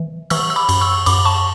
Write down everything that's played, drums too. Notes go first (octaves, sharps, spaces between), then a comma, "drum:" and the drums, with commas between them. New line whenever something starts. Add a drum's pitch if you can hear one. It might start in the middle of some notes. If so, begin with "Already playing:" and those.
Already playing: E3
E3 C#6 E6, drum: cymbal
E6
B5 D6
F#2, drum: cymbal
C#6 E6
F#2 B5 D6, drum: cymbal
A5 C#6